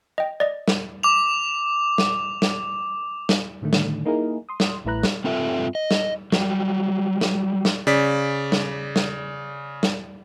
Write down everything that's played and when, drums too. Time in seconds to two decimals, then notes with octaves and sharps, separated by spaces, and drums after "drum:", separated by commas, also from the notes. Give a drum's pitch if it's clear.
0.18 D#5 G5
0.40 D5 D#5
0.68 drum: snare
1.03 D6 F7
1.98 drum: snare
2.42 drum: snare
3.29 drum: snare
3.62 A2 D3 D#3 A3
3.73 drum: snare
4.06 A#3 D#4 E4 G#4 A#4
4.49 C6 D#6
4.60 drum: snare
4.85 A1 A2 E4 B4 A#5 F#6
5.03 drum: snare
5.24 G2 C4 F4 A4 E5
5.75 D#5
5.91 drum: snare
6.32 F#3 G3, drum: snare
7.21 drum: snare
7.65 drum: snare
7.87 C#3 D5 B6
8.52 drum: snare
8.96 drum: snare
9.83 drum: snare